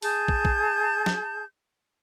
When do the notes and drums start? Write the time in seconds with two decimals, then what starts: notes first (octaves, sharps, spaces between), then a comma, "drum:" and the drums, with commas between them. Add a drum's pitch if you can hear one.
0.02 G#4 A5 G6, drum: open hi-hat
0.28 drum: kick
0.45 drum: kick
1.06 drum: snare